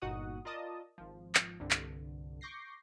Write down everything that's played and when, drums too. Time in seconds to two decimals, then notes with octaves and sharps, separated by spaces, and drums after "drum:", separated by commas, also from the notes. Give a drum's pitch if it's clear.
0.02 G1 A#2 D#4 F#4 F#5 D#6
0.45 F4 A#4 D5 D#5 A5 D#6
0.98 G#1 F3
1.35 drum: clap
1.60 C2 G2 D3
1.71 drum: clap
2.41 C#6 D6 G6 A#6 C7